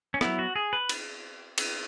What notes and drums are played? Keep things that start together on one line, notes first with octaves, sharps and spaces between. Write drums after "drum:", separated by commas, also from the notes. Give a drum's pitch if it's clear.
C#4
F#3 B3 E4, drum: rim click
F#4
G#4
B4
drum: cymbal
drum: cymbal